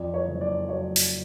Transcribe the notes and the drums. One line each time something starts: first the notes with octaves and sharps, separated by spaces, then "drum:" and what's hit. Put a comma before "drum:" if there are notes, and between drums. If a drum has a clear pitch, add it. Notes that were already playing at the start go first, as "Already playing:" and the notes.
Already playing: F2 D5
C#5
F#1
D5
F#3 C#5
drum: open hi-hat